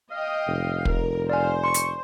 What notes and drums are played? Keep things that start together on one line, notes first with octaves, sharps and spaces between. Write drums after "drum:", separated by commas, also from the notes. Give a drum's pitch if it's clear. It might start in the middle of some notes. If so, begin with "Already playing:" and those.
D#5 F5 G5
F1
A#4, drum: kick
C5 D5 F5 G#5
C6 C#6
drum: hi-hat